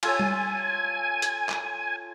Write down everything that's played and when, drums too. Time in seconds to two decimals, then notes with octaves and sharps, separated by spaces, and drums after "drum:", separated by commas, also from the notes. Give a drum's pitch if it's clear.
0.03 F4 A4 C#5 G#5, drum: cymbal
0.19 drum: tom G3
1.22 drum: hi-hat
1.49 drum: clap